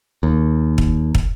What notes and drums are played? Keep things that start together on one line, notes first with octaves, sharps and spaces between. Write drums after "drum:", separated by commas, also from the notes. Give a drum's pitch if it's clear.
D#2
drum: kick
drum: kick